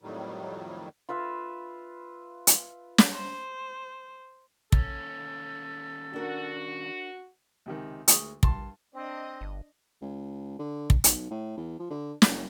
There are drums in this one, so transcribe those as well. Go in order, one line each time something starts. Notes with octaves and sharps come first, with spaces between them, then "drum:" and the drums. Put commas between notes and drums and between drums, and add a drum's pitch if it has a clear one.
F2 A2 D#3 F#3 G3
F4 B4 E5 F5
drum: hi-hat
drum: snare
C5
D#2 C#4 A4, drum: kick
D4 F#4 A#4
C#2 C3 D#3
D2 G#3 C#6 D#6, drum: hi-hat
G2 A5 C6, drum: kick
C4 D4 D#5
G1
C#2
D3
drum: kick
B1, drum: hi-hat
A2
E2
F3
D3
F#1, drum: snare